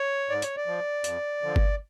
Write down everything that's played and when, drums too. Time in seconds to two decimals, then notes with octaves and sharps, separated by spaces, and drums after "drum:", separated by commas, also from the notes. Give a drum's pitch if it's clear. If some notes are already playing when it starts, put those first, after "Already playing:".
Already playing: C#5
0.29 G#2 D5
0.42 C#5, drum: hi-hat
0.56 D5
0.67 F3
1.04 F2, drum: hi-hat
1.42 D3 F3
1.56 drum: kick G1